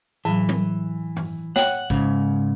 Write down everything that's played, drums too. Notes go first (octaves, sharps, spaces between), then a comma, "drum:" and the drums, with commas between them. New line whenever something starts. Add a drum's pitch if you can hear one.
A2 E3 F#3
drum: tom F#3
drum: tom G2
C#5 F#5 G5, drum: snare
G#2 C#3, drum: kick A1